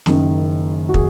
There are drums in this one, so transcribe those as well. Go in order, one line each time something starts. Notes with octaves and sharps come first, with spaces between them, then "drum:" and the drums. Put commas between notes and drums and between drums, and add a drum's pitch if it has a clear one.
F#1 F#2 D#3, drum: snare
F#4
G#4, drum: kick